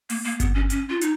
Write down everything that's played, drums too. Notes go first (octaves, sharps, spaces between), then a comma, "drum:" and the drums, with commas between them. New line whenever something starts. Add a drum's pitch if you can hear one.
A#3, drum: open hi-hat
A#3
B3, drum: kick G1, hi-hat
C#4
C#4, drum: hi-hat
F4
D#4, drum: hi-hat